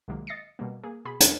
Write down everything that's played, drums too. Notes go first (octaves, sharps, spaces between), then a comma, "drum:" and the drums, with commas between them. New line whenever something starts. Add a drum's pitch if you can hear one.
C2 A#2 D#3 F#3 G#3 A#3
D#5 A6 A#6 C7 C#7
B2 G3 A#3
A#3 G#4
B2 G#4 B5
E2 D3 F#6 C#7, drum: hi-hat